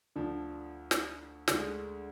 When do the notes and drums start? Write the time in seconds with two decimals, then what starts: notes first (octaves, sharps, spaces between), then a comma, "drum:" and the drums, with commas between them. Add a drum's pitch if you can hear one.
0.16 D2 D3 F3
0.91 drum: snare
1.48 D2 D3 G#3, drum: snare